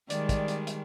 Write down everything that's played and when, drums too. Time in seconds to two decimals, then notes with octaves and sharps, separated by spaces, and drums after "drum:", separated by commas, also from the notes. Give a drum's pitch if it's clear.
0.10 D#3 G3 G#3 D5, drum: hi-hat
0.29 drum: kick, hi-hat
0.48 drum: hi-hat
0.67 drum: hi-hat